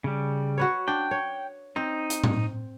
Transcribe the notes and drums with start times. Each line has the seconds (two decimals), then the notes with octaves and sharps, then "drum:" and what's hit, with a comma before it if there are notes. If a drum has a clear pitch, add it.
0.04 C#3 G3
0.58 F#4 B4 C#5
0.88 D4 G5
1.11 C#5
1.76 C4 D#4
2.10 drum: hi-hat
2.24 drum: tom A2